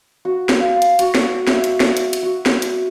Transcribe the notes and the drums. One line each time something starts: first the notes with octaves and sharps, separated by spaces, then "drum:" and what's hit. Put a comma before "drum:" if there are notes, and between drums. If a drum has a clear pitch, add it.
F#4
drum: snare
F5
drum: hi-hat
F#4, drum: hi-hat
drum: snare
E5, drum: snare
drum: hi-hat
drum: snare
drum: hi-hat
drum: hi-hat
F#4
drum: snare
drum: hi-hat